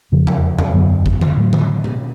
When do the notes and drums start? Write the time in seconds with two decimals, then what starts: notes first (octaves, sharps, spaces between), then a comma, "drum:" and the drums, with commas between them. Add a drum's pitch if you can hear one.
0.12 F2 C#3 F3
0.27 drum: tom E2
0.59 drum: tom E2
0.74 F#2 D3 F#3 B3
1.06 drum: kick G1
1.21 drum: tom D3
1.37 A2 F#3 A3
1.53 drum: tom D3
1.84 drum: tom B2